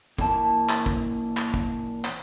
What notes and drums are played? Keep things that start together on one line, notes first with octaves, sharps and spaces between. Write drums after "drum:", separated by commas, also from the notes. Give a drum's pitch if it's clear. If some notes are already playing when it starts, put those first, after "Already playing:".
A#2 E3 A#3 A5, drum: kick
drum: clap
drum: kick
drum: clap
drum: kick
drum: clap